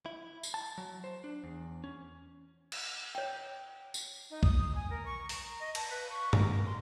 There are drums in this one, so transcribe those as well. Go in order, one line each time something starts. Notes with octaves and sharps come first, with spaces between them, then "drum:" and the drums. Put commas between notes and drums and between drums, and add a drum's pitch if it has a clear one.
E4
drum: tambourine
A5
F#3
C5
D4
E2
C#4
drum: cymbal
C#5 G5
drum: tambourine
D#4
D#6, drum: kick
G#5
A#4
C#6
A#5, drum: open hi-hat
D#5
A5, drum: cymbal
B4
C#6
A#4, drum: tom G2
C6